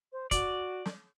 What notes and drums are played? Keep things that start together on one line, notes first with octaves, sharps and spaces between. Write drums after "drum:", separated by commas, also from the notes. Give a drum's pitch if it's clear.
C5
F#4 D5, drum: kick, hi-hat
drum: snare